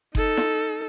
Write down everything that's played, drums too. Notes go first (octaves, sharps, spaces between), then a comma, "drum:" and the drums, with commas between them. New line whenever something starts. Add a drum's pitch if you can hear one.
D#4 A4, drum: kick F#1
drum: snare